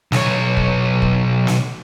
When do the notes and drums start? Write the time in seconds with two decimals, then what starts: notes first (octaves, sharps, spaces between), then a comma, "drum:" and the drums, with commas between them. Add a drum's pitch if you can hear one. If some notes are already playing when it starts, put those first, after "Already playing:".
0.12 B1 C#5, drum: snare
0.57 drum: kick
1.02 drum: kick
1.47 drum: snare